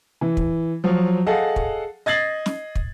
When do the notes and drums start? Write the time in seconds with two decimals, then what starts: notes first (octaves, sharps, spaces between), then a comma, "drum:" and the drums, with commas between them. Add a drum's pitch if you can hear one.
0.21 E3
0.37 drum: kick
0.84 F3 F#3
1.26 G#4 A4 D#5 F5 F#5 A5
1.56 drum: kick
2.06 D#5 G#6 A6 C7 F#7
2.46 drum: snare
2.76 drum: kick